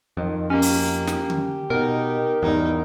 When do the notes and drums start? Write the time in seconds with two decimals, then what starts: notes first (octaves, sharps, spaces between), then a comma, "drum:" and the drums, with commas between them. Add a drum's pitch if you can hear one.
0.17 F2 D#3
0.50 A#3 C#4 G4
0.62 drum: open hi-hat
1.07 drum: snare
1.30 drum: tom D3
1.70 B2 D#4 A#4
2.43 E2 G#2 G3 D#4